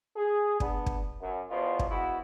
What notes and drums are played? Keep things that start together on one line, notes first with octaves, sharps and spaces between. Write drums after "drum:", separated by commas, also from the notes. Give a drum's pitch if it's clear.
G#4
B3 D4, drum: kick
drum: kick
F#2
E2 B2 F3 F4 C5
drum: kick
G#3 B3 E4 F#4